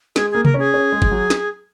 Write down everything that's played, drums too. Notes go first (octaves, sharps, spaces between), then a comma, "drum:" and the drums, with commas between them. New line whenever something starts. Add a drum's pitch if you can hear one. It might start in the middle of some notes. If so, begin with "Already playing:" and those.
G#3 G#4, drum: snare
A#3 G#4
A#4, drum: tom C3
C#4 G#4
C#4
G#3
drum: kick
F#3
drum: snare